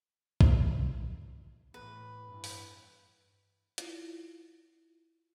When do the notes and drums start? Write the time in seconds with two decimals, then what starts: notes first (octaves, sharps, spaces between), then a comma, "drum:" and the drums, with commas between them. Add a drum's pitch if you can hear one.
0.41 drum: kick
1.74 A2 E3 B4
2.24 E2 G2 E3
2.44 drum: open hi-hat
3.78 E4 F4, drum: hi-hat